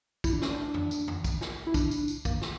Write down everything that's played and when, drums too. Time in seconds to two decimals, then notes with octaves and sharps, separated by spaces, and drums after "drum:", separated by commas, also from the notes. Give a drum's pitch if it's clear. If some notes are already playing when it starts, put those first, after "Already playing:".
0.24 E4, drum: kick, tambourine
0.33 D4
0.42 C#4, drum: snare
0.51 D4
0.74 drum: tom F2
0.91 drum: tambourine
1.08 drum: tom F2
1.24 drum: kick, tambourine
1.41 drum: snare
1.67 E4
1.74 D4, drum: kick, tambourine
1.91 drum: tambourine
2.08 drum: tambourine
2.25 A#3, drum: kick, tambourine
2.41 drum: snare